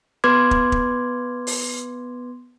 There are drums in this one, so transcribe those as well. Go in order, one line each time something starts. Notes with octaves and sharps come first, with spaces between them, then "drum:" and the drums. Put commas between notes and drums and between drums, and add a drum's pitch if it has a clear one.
B3 B4 C6 D6 G#6
drum: kick
drum: kick
drum: open hi-hat